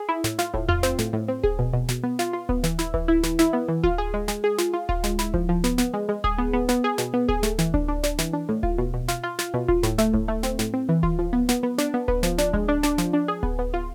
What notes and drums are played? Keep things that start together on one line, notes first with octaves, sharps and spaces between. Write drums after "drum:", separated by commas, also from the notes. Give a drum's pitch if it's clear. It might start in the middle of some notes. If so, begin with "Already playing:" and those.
Already playing: G#4
E4
A2, drum: snare
F4, drum: snare
A2, drum: kick D1
F4, drum: tom E2
C4, drum: snare
A2, drum: snare
A2
C4
G#4, drum: kick D1
B2
B2
B2, drum: snare
B3
F4, drum: snare
F4
B3, drum: kick D1
E3, drum: snare
E4, drum: snare
E3, drum: kick D1
E4
E3, drum: snare
E4, drum: snare
B3
E3
F4, drum: kick D1
G#4
G#3
G#3, drum: snare
G#4
F4, drum: snare
F4
F4, drum: kick D1
G#3, drum: snare
E4, drum: snare
F3, drum: kick D1
F3
B3, drum: snare
B3, drum: snare
G#3
G#3
G#4, drum: kick D1
B3
B3
B3, drum: snare
G#4
B2, drum: snare
B3
G#4, drum: kick D1
A3, drum: snare
E3, drum: snare
D4, drum: kick D1
D4
D4, drum: snare
E3, drum: snare
D4
A2
F4, drum: kick D1
B2
B2
F4, drum: snare
F4
F4, drum: snare
B2
F4, drum: kick D1
A2, drum: snare
A3, drum: snare
A2, drum: kick D1
A3
C4, drum: snare
A2, drum: snare
C4
E3
F4, drum: kick D1
F3
B3
B3, drum: snare
B3
D4, drum: snare
B3
B3, drum: kick D1
F3, drum: snare
D4, drum: snare
G#3, drum: kick D1
D4
D4, drum: snare
F3, drum: snare
D4
G#4
B3, drum: kick D1
B3
F4